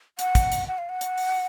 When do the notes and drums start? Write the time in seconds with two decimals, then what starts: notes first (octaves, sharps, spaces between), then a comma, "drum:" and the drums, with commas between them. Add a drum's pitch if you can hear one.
0.19 F#5, drum: hi-hat
0.35 drum: kick, hi-hat
0.52 drum: hi-hat
0.68 F#5
0.78 F5
0.89 F#5
1.01 drum: hi-hat
1.18 drum: open hi-hat